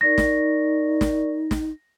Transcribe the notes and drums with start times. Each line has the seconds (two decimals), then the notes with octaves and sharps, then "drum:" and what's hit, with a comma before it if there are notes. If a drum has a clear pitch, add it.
0.01 D#4 A#4 D5 C#6 A#6
0.18 drum: snare
1.01 drum: snare
1.51 drum: snare